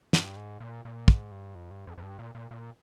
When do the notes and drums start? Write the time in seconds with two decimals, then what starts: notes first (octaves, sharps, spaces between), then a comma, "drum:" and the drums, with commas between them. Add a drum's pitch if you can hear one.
0.13 G2, drum: snare
0.36 G#2
0.60 A#2
0.85 A#2
1.08 G#2, drum: kick
1.31 G2
1.55 F2
1.71 G2
1.87 F2
1.98 F2
2.03 G2
2.19 A#2
2.35 A#2
2.51 A#2